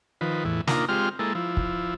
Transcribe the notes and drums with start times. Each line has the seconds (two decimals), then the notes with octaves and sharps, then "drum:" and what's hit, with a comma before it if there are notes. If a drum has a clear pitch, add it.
0.21 D#3 F3 B4
0.45 E2 A2 E3
0.67 A#3 D4 D#4 F4 A#4, drum: snare
0.89 G#3 C4 F4 G4 F6
1.19 G#3 A#3 E4 A4
1.35 F3 E4
1.57 drum: kick